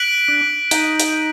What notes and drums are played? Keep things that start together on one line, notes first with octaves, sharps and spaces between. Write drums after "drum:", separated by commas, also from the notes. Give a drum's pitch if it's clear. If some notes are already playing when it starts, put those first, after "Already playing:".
Already playing: F#6 B6 D7 F#7
D4
D#4, drum: hi-hat
drum: hi-hat